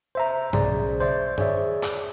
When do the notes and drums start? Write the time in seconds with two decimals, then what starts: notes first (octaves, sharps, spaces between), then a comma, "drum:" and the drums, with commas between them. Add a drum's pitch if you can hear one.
0.15 C5 E5 A#5
0.53 B1 C#3 G#4 C5 D5, drum: tom G2
1.01 C5 D5 E5
1.38 G#4 C#5 D5 E5, drum: tom G2
1.83 drum: clap